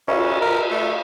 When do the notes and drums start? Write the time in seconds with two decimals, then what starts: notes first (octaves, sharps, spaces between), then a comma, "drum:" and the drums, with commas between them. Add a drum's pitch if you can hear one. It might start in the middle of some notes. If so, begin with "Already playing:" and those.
0.08 C#4, drum: cymbal
0.41 A#4
0.70 A3